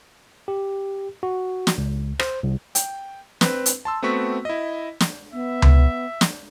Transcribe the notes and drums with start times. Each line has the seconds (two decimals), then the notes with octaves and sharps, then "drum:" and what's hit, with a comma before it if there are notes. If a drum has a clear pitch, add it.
0.48 G4
1.23 F#4
1.67 drum: snare
1.78 C#2
2.19 C5, drum: rim click
2.43 C2
2.75 G5, drum: hi-hat
3.41 C4 B4, drum: snare
3.66 drum: hi-hat
3.85 A5 C6 E6
4.02 A3 B3 C4 F#4 C#6 B6
4.45 E4 D#5
5.00 drum: snare
5.33 B3 E5
5.62 drum: tom C#2
6.21 drum: snare